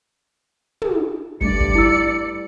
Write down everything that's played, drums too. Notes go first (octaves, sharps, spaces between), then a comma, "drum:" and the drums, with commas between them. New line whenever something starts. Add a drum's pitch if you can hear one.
drum: tom
G2 G3 A3 D4 D5 C#7, drum: kick
drum: kick
E4 E6